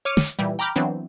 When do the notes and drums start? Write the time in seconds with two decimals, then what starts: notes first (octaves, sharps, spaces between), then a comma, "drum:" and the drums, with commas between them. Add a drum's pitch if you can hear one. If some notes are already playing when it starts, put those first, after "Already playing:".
0.05 C#5 D6 F6 C#7 D#7
0.17 drum: snare
0.39 A#2 E3 G3
0.59 G5 A#5 B5 D6 F6 G6
0.76 E3 F#3 B3 C4 D4